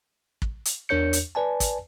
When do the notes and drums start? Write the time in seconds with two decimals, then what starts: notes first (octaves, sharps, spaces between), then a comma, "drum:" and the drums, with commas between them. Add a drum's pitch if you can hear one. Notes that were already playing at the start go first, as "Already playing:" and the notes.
0.42 drum: kick
0.65 drum: hi-hat
0.89 E2 D4 A#4 C#5 G6 C#7
1.13 drum: hi-hat
1.35 B4 D5 G#5 A5
1.60 drum: kick, hi-hat